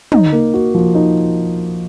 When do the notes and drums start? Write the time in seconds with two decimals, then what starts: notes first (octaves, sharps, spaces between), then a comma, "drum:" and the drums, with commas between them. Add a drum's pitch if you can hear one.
0.12 D#4, drum: tom
0.32 A#3
0.54 F#4
0.75 F3
0.95 D#4